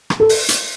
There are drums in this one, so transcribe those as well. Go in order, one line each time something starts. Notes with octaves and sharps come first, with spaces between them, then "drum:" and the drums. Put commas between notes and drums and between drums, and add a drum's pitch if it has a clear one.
drum: rim click
A4
drum: open hi-hat
drum: hi-hat